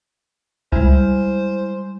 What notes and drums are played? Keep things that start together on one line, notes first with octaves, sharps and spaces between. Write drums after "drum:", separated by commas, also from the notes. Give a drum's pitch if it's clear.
G3 G#3 E4 C5 G#5 F6, drum: kick C2